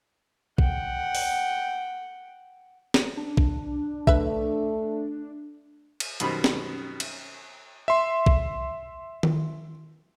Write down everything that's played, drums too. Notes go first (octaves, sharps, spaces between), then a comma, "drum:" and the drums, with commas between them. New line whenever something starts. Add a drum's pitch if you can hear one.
F#5 G5, drum: kick A#1
drum: open hi-hat
drum: snare
D4
drum: kick A#1
A3 B4 E5, drum: kick A#1
drum: cymbal
F#2 B2 D#3 G3 C5 B5, drum: hi-hat
drum: snare
drum: cymbal
E5 C6
drum: kick A#1
drum: tom D#3